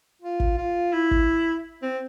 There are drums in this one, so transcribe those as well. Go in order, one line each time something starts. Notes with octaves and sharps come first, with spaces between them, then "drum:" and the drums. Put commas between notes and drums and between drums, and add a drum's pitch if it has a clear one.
F4
drum: kick
F4
E4
drum: kick
C4